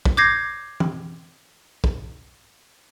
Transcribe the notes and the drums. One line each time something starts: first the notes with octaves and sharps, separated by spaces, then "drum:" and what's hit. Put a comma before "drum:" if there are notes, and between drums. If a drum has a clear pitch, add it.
drum: kick
D6 G6 G#6 A#6 C7
drum: tom E3
drum: kick